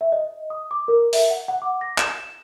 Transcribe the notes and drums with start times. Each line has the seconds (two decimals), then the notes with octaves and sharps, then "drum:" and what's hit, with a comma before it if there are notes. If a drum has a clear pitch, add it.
0.01 E5
0.12 D#5
0.50 D#6
0.71 D6
0.88 A#4
1.13 E5, drum: open hi-hat
1.30 F#5
1.48 F#5
1.62 D6
1.81 A#6
1.98 E7, drum: clap